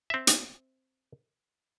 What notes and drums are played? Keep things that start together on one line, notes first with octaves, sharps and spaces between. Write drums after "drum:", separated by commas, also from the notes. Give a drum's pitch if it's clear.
C4 E5
drum: hi-hat